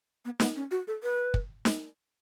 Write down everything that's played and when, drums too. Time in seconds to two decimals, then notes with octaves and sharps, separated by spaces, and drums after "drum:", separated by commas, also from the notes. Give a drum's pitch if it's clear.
0.25 B3
0.40 B3, drum: snare
0.56 C#4
0.71 F#4
0.87 A4
1.03 B4
1.34 drum: kick
1.65 drum: snare